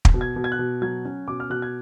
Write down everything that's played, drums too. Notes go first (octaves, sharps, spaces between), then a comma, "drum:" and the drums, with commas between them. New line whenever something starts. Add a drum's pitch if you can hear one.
drum: kick
B2
G#6
B2
G#6
F#6
B2
F#3 G#6
C#4
B2 D6
F6
B2 F#6
G#6